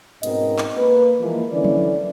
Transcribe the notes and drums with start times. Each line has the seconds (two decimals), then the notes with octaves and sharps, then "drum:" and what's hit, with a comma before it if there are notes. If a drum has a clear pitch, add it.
0.23 G#2 B2 C4 C#4 A#4 D#5, drum: hi-hat
0.59 drum: clap
0.77 A#3 B4
1.20 E3 F3 G#3 A#3
1.52 D3 E3 C#4 E4 D5
1.64 drum: tom F3